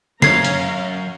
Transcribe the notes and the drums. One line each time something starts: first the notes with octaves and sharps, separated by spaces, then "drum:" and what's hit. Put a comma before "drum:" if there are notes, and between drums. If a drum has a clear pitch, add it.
F#2 C#4 F5 A#5 G#6 C7, drum: snare
drum: hi-hat